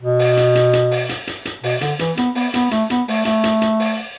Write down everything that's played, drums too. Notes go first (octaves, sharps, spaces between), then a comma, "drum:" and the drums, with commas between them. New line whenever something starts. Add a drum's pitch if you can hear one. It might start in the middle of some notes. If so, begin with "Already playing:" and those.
B2
drum: open hi-hat
drum: hi-hat
drum: hi-hat
drum: hi-hat
drum: open hi-hat
drum: hi-hat
drum: hi-hat
drum: hi-hat
B2, drum: open hi-hat
D3, drum: hi-hat
E3, drum: hi-hat
B3, drum: hi-hat
B3, drum: open hi-hat
B3, drum: hi-hat
A3, drum: hi-hat
B3, drum: hi-hat
A3, drum: open hi-hat
A3, drum: hi-hat
drum: hi-hat
drum: hi-hat
drum: open hi-hat